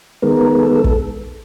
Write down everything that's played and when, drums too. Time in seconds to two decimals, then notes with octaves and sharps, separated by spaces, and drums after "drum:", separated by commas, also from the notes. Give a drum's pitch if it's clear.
0.22 D#3 G#3 B3 A#4
0.60 A4
0.84 drum: kick